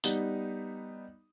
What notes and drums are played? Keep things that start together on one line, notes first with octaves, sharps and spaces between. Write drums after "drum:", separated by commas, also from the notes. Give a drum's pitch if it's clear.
G3 B3 D#4, drum: tambourine